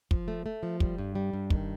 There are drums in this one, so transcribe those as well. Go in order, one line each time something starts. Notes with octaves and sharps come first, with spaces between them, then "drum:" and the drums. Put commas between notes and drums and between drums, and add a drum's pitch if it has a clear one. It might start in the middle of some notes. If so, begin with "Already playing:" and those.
F3, drum: kick
A3
A3
F3
G3, drum: kick
G2
G3
G2
D#3, drum: kick